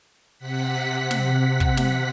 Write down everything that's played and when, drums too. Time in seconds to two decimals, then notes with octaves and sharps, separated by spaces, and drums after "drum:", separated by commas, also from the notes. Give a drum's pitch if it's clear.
0.39 C3 F#5 B6
1.11 drum: snare
1.60 drum: kick
1.77 drum: snare